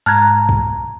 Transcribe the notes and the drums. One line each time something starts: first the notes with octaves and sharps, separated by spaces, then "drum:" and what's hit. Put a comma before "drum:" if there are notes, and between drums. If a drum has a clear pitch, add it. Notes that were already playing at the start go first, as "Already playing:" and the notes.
G#2 A5 A#5 F6 F#6 G#6, drum: open hi-hat
drum: kick